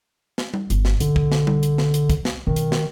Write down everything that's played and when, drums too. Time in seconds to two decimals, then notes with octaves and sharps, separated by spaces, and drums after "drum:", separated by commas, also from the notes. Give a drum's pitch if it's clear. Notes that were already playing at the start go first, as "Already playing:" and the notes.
0.38 drum: snare
0.54 drum: tom G3
0.70 G1, drum: hi-hat
0.85 drum: snare
1.00 B1 D3, drum: hi-hat
1.16 drum: kick
1.32 drum: snare
1.47 drum: tom G3
1.63 drum: hi-hat
1.78 drum: snare
1.94 drum: hi-hat
2.10 drum: kick, hi-hat
2.25 drum: snare
2.47 B1 D#3 F#3
2.56 drum: hi-hat
2.72 drum: snare